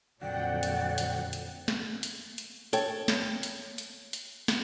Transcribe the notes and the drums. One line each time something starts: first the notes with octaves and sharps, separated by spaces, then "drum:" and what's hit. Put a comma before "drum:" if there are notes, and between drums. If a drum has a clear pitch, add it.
F2 A#2 D3 F#3 D5 F#5 G5
drum: hi-hat
drum: hi-hat
drum: hi-hat
drum: snare
drum: hi-hat
drum: hi-hat
A4 C#5 G5, drum: hi-hat
drum: snare
drum: hi-hat
drum: hi-hat
drum: hi-hat
drum: snare